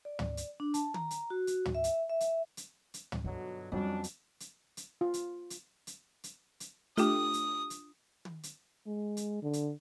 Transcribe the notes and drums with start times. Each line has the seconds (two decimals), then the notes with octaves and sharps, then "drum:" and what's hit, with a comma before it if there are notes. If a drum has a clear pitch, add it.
0.05 D5
0.19 drum: tom
0.37 drum: hi-hat
0.60 D4
0.74 A5, drum: hi-hat
0.94 A#5, drum: tom
1.11 drum: hi-hat
1.30 F#4
1.47 drum: hi-hat
1.66 drum: tom
1.75 E5
1.84 drum: hi-hat
2.10 E5
2.20 drum: hi-hat
2.57 drum: hi-hat
2.94 drum: hi-hat
3.12 drum: tom
3.24 G2 B2 D3 F#3 F4
3.72 F2 F#3 G3 C#4 D4
4.04 drum: hi-hat
4.40 drum: hi-hat
4.77 drum: hi-hat
5.01 F4
5.14 drum: hi-hat
5.50 drum: hi-hat
5.87 drum: hi-hat
6.24 drum: hi-hat
6.60 drum: hi-hat
6.97 A3 D4 F4 G4 D#6, drum: hi-hat
7.34 drum: hi-hat
7.70 drum: hi-hat
8.25 drum: tom
8.43 drum: hi-hat
8.87 G#3
9.17 drum: hi-hat
9.43 D3
9.53 drum: hi-hat